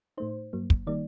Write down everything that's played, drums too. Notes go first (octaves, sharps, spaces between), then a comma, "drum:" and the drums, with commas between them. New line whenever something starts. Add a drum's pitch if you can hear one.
A2 A3 D#4 C5
G2 F#3 A#3
drum: kick
D#3 G3 A#3 D#4 D5